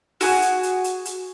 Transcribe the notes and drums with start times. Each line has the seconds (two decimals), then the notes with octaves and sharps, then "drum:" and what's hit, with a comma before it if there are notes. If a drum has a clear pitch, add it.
0.21 F#4 G#4, drum: open hi-hat
0.42 drum: hi-hat
0.63 drum: hi-hat
0.84 drum: hi-hat
1.05 drum: hi-hat